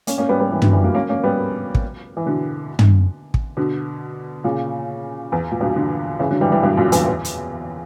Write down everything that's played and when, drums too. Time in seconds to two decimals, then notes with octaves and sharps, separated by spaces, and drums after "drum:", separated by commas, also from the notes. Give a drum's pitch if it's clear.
0.07 A#3 C#4, drum: hi-hat
0.18 A#3 C#4
0.29 G3 B3
0.40 G3 B3
0.51 E3 G3
0.62 D3 F#3, drum: tom
0.73 E3 G3
0.84 F#3 A#3
0.95 A#3 C#4
1.09 A#3 C#4
1.24 G3 B3
1.75 drum: kick
2.17 E3
2.26 B2 D3
2.79 drum: tom
3.34 drum: kick
3.57 B2 D3
4.44 A#2 C#3
5.32 E2
5.52 A#2
5.60 G2 B2
5.76 B2 D3
6.19 C#3 E3
6.30 D3 F#3
6.41 E3 G3
6.52 E3 G3
6.62 G2 B2
6.77 F#2 A#2
6.92 E2 G2, drum: hi-hat
7.07 E2
7.25 drum: hi-hat